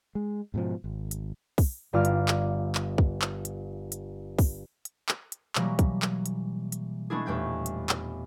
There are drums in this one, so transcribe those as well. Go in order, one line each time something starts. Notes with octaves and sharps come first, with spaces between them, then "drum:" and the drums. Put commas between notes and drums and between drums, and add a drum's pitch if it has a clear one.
G#3
G#2 B2 D3 F3
G#1
drum: hi-hat
drum: kick, open hi-hat
G1 G2 F4 F5 D6 F6
drum: hi-hat
drum: clap
drum: clap
drum: kick
drum: clap
drum: hi-hat
drum: hi-hat
drum: kick, open hi-hat
drum: hi-hat
drum: clap
drum: hi-hat
B2 E3 F#3 G3 A#3, drum: clap
drum: kick, hi-hat
drum: clap
drum: hi-hat
drum: hi-hat
G#3 A3 B3 D4 E4 G#4
D#1 E2 A3 G5 G6 G#6
drum: hi-hat
drum: clap